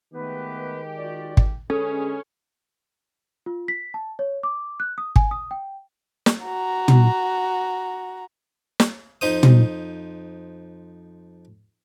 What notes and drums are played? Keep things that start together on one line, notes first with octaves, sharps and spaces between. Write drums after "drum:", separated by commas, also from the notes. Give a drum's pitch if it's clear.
D#3 G#3 A3 B3 G4 B4
F4 F#4 D5
drum: kick
D3 G#3 C#4 G#4 A4 B4
F4
B6
A5
C#5
D6
F#6
D#6
G#5, drum: kick
D#6
G5
drum: snare
F#4 A#5
drum: tom
drum: snare
F2 D#4 C5 D#6
drum: tom